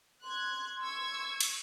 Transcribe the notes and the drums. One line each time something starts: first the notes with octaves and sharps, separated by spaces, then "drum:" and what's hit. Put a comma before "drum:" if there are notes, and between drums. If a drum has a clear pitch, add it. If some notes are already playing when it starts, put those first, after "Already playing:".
C6 F#6 G#6
C#6 E6 G#6
drum: cymbal